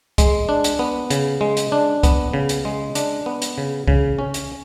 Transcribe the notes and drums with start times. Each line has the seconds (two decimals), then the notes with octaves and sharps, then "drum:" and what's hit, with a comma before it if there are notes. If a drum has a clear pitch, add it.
0.18 G#3, drum: kick C2, hi-hat
0.49 D4
0.64 drum: hi-hat
0.79 B3
1.10 C#3, drum: hi-hat
1.41 G#3
1.57 drum: hi-hat
1.72 D4
2.03 B3, drum: kick C2, hi-hat
2.33 C#3
2.49 drum: hi-hat
2.65 G#3
2.95 D4, drum: hi-hat
3.26 B3
3.42 drum: hi-hat
3.58 C#3
3.88 C#3, drum: kick C2
4.19 C#4
4.34 drum: hi-hat